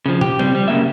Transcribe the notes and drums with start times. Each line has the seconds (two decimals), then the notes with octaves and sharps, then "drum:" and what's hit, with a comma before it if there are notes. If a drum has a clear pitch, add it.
0.06 C#3 F3
0.21 G4, drum: tom
0.39 G3 C4, drum: tom C#3
0.55 G3
0.68 F#2 C#3 A#3 E5